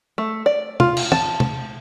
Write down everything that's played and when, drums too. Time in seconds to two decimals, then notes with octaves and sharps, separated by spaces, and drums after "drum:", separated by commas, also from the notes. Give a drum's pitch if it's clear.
0.18 A3
0.46 D5
0.80 F4, drum: tom
0.97 drum: cymbal
1.12 A5, drum: tom
1.40 drum: tom